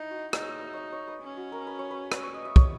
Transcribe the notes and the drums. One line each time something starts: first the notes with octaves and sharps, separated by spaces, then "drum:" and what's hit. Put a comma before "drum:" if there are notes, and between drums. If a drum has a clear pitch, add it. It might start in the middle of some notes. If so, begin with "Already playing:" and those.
Already playing: D#4 E4
F#4
D#4 G#4, drum: rim click
C#5
D#5
E5
C#5 D#5
C#5
B4
C#4
F#4
A#4
B4
C#5
B4
B4, drum: rim click
C#5
D#5
E5
C#5, drum: kick